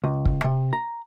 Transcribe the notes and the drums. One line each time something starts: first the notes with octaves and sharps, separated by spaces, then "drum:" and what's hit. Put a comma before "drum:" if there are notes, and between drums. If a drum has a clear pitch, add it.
C#2
drum: kick
C3
A#5